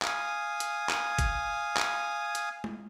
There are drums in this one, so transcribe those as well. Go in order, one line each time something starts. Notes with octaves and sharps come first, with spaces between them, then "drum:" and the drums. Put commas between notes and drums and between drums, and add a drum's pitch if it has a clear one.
F5 G#5 D#6, drum: clap
drum: hi-hat
drum: clap
drum: kick G#1, hi-hat
drum: clap
drum: hi-hat
drum: tom G#3